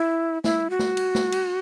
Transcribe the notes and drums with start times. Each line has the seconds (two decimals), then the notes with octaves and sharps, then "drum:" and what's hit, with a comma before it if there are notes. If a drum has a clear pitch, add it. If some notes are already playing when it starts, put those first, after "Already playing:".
Already playing: E4
0.44 E4, drum: snare
0.70 F#4
0.79 drum: snare
0.97 drum: cymbal
1.15 drum: snare
1.32 drum: cymbal